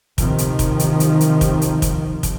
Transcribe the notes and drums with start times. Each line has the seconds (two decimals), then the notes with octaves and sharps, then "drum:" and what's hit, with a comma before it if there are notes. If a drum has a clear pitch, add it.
0.18 C3 D#3 F3, drum: kick, hi-hat
0.38 drum: hi-hat
0.59 drum: kick, hi-hat
0.79 drum: hi-hat
1.00 drum: hi-hat
1.20 drum: hi-hat
1.41 drum: kick, hi-hat
1.62 drum: hi-hat
1.82 drum: kick, hi-hat
2.23 drum: kick, hi-hat